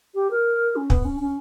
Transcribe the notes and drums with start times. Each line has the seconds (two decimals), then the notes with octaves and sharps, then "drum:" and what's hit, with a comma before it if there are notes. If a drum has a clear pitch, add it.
0.14 G4
0.30 A#4
0.76 C#4
0.90 B3, drum: kick
1.05 C#4
1.20 C#4